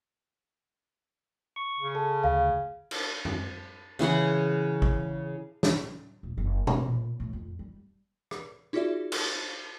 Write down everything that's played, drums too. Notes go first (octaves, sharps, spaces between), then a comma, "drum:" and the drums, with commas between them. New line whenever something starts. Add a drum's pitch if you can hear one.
C#6
C#3
A4
D2 F5
drum: cymbal
drum: tom F#2
C#3 E3 G#4 F#5
drum: kick
drum: snare
D#1
F#1
D#3, drum: tom B2
A#2
A2
F2
G3
drum: rim click
D#4 F4 F#4 G#4 D5 E5
drum: cymbal